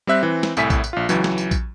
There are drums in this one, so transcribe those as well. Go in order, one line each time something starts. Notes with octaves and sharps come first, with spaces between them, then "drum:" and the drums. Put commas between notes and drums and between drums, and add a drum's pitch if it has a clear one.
G3 C4 E5 F#6
E3 C4
drum: snare
C2 A2 E5 G#5 B6, drum: tambourine
drum: kick A#1, tambourine
drum: tambourine
A#1 F4
C#2 E3 F#3, drum: tambourine
drum: snare
drum: tambourine
drum: kick A#1, tambourine